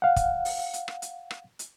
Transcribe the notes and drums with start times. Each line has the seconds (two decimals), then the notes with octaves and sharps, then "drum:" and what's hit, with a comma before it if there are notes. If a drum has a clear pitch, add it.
0.02 F5 F#5
0.16 drum: kick, hi-hat
0.45 drum: open hi-hat
0.73 drum: hi-hat
0.88 drum: rim click
1.02 drum: hi-hat
1.31 drum: rim click
1.59 drum: hi-hat